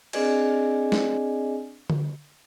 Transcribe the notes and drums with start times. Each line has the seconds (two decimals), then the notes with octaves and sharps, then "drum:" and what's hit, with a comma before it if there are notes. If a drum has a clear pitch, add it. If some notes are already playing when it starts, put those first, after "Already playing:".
0.13 C4 D4 G#4 D5 D#5 G#5, drum: cymbal
0.92 drum: snare
1.90 drum: tom D3